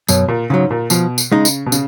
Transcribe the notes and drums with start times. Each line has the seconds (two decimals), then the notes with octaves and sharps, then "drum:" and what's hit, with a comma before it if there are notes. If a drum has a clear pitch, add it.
0.08 F#2 B2, drum: tambourine
0.28 A#2
0.50 G#2 C#3 F#3
0.71 A#2
0.90 B2 F3, drum: tambourine
1.18 drum: tambourine
1.32 C#3 G#3 D#4
1.45 drum: tambourine
1.66 B2
1.72 C#3, drum: tambourine